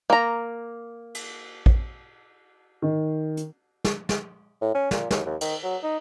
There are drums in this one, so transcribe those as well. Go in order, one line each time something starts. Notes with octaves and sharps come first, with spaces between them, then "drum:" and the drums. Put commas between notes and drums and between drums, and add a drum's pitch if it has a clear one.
A#3 A#5
drum: cymbal
drum: kick A1
D#3
drum: hi-hat
drum: snare
drum: snare
A2
C#4
A#2, drum: snare
D#2, drum: snare
D#2
D#3, drum: cymbal
F#3
D#4